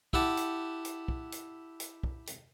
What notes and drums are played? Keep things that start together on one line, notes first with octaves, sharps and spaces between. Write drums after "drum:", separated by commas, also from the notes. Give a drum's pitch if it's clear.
E4 G4 F#5 A5, drum: kick
drum: hi-hat
drum: hi-hat
drum: kick
drum: hi-hat
drum: hi-hat
drum: kick
drum: hi-hat